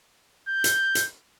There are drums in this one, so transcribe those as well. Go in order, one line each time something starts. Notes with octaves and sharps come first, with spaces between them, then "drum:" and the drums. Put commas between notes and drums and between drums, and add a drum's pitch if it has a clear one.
G6
drum: hi-hat
drum: hi-hat